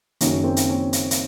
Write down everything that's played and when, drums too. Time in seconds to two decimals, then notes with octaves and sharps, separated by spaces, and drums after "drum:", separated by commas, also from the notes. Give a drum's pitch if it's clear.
0.21 F#1 F#2 D#3 C#4, drum: hi-hat
0.44 C4
0.57 drum: hi-hat
0.69 C#4
0.93 drum: hi-hat
1.11 drum: hi-hat